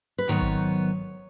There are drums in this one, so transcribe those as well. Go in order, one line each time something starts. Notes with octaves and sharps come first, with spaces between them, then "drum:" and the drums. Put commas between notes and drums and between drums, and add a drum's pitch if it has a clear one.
B4
G#2 D#3 F#3 B3 C#5
drum: kick